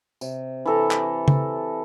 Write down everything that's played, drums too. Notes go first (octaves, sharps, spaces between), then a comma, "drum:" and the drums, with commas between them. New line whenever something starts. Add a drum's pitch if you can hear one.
C3, drum: tambourine
E3 A4 A#5
drum: clap
drum: tom C#3